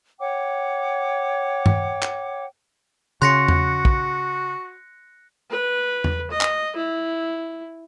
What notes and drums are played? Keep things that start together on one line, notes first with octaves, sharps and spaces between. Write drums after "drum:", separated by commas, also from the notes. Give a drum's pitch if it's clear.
C#5 F#5 G5 D6
drum: tom G2
drum: clap
C#3 F#4 C6 F#6 A#6 C#7
drum: tom E2
drum: kick
B4
drum: tom E2
D#5
drum: clap
E4